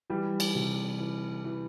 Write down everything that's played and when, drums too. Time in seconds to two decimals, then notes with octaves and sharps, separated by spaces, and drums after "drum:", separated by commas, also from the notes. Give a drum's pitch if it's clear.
0.10 E3 G3 G4
0.40 drum: cymbal
0.55 C3
1.00 E3
1.45 E3